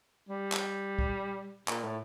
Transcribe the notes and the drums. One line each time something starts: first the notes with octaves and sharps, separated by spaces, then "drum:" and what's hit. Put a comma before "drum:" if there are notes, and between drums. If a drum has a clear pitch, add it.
G3
drum: clap
drum: kick
A#2, drum: clap
A2